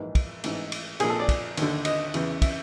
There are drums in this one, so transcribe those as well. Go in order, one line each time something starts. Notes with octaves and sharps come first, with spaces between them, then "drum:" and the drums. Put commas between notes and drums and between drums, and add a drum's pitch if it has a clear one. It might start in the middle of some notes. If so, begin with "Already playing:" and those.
Already playing: A#1 G#2 E3
drum: kick, cymbal
A1 G#2 E3, drum: cymbal
drum: cymbal
A#1 A#2 G#4, drum: cymbal
A4
D5
drum: kick, cymbal
D#2 D3, drum: cymbal
D#5, drum: cymbal
E2 C#3 E3, drum: cymbal
E5, drum: kick, cymbal